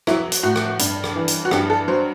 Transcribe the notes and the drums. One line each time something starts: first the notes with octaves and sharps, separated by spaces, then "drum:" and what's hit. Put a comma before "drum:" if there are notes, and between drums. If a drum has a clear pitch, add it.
F#3 E4, drum: rim click
drum: hi-hat
A2 F#4
drum: rim click
G2, drum: hi-hat
drum: rim click
E3
drum: hi-hat
F#4
G2 G4, drum: rim click
A4
F#3 C5